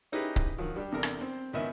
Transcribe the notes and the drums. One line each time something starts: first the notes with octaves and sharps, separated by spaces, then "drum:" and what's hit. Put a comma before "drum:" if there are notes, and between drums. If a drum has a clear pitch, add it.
C#4 D#4 E4 G4 G#4 B4
drum: kick C#1
D#3 F3 F#3
G3 D4 G4
E2 C3 D4 A4 A#4
drum: rim click
C4 C5
G#1 C#2 D#3 B3 D#5 E5